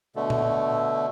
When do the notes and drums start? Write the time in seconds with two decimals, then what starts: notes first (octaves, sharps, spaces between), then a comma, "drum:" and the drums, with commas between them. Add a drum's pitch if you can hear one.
0.16 B2 D3 A3
0.30 drum: tom A#2